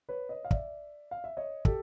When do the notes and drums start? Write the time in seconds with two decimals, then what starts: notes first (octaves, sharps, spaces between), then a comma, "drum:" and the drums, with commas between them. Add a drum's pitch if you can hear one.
0.09 B4 C#5
0.29 C#5 D#5
0.44 F5
0.51 D5 E5, drum: kick
1.11 F5
1.24 E5
1.37 C#5 D#5
1.65 G4 A4, drum: kick